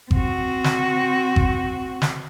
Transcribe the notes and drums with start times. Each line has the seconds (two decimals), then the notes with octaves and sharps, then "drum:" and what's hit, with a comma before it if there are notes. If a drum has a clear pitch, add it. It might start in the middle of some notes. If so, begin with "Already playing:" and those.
0.11 C4 F#4, drum: kick G#1
0.64 drum: snare
1.36 drum: kick G#1
2.02 drum: snare